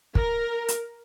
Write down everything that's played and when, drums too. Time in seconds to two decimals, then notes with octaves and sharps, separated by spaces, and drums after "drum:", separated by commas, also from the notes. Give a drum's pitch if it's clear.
0.15 A#4, drum: kick
0.68 drum: hi-hat